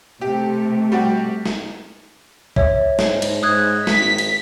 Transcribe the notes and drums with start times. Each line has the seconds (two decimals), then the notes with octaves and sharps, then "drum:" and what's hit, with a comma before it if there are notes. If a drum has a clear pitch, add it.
0.21 C3 A3 G4
0.92 G3 F#4 G4
1.46 drum: snare
2.56 C#5 E5, drum: kick
2.99 G#2, drum: snare
3.22 drum: cymbal
3.43 G#2 D#6 F#6 G#6
3.87 G#1 B6, drum: snare
4.18 drum: cymbal